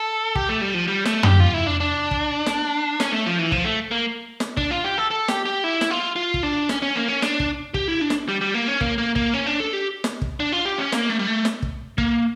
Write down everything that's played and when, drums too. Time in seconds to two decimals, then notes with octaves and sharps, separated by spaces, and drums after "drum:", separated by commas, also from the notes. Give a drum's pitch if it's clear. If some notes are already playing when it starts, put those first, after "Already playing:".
Already playing: A4
0.35 G4, drum: kick
0.49 A3
0.61 G3
0.74 F3
0.88 G3
1.05 A3, drum: snare
1.23 G4, drum: tom
1.40 F4
1.54 E4
1.67 D4
1.80 D4
2.11 drum: kick
2.46 drum: snare
3.00 C#4, drum: snare
3.12 A3
3.26 F3
3.39 E3
3.52 F3, drum: kick
3.65 A3
3.91 A#3
4.40 drum: snare
4.57 D4, drum: kick
4.71 F4
4.84 G4
4.98 A4
5.11 A4
5.28 G4, drum: snare
5.45 G4
5.64 E4
5.81 drum: snare
5.91 F4
6.16 F4
6.34 drum: kick
6.43 D4
6.69 C#4, drum: snare
6.82 C#4
6.95 A#3
7.08 C#4
7.22 D4, drum: snare
7.40 drum: kick
7.74 G4, drum: kick
7.88 E4
8.01 D4
8.10 drum: snare
8.28 G3
8.41 G3
8.54 A#3
8.68 C#4
8.81 A#3, drum: kick
8.98 A#3
9.16 A#3, drum: kick
9.34 C#4
9.47 D4
9.60 A4
9.73 G4
10.04 drum: snare
10.22 drum: kick
10.40 D4
10.52 F4
10.65 G4
10.78 C#4
10.92 A#3, drum: snare
11.10 A3
11.19 G3
11.27 A3
11.45 drum: snare
11.62 drum: kick
11.98 A#3, drum: kick